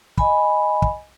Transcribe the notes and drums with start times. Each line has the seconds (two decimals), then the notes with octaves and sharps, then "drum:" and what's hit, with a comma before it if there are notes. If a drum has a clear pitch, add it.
0.18 D#5 G#5 B5, drum: kick
0.82 drum: kick